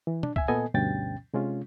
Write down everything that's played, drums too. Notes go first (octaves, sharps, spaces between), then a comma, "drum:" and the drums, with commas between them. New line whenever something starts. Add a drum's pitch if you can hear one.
E3
D4, drum: tom
E5 G#5, drum: kick
A#2 B3 A4 D#5 G#5
D2 G2 B2 C#4 G5 A6
C3 G#3 C#4 F4